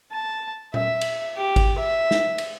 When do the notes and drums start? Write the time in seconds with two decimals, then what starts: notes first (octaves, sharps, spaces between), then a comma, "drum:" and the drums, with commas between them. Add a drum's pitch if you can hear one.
0.12 A5
0.74 E5, drum: tom A#2
1.01 drum: cymbal
1.37 G4
1.56 drum: kick G#1, cymbal
1.78 E5
2.11 drum: snare
2.38 drum: cymbal